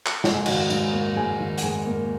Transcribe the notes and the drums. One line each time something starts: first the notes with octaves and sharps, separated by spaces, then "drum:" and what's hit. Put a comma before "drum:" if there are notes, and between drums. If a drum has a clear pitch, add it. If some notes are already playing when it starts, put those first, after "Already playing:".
drum: clap
G#2 F#5, drum: snare
G#5
D#3 F#4 F#5, drum: cymbal
G#2, drum: tambourine
A#3
G#2 G#4 G#5
D#3
F#5, drum: hi-hat
G#2 G#4 G#5
A#3